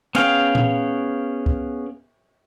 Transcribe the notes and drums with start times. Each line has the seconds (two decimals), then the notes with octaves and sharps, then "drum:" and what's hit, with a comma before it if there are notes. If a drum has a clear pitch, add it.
0.15 B3 C#4 G#4 F5 G5, drum: cymbal
0.55 drum: tom A#2
1.46 drum: kick C#2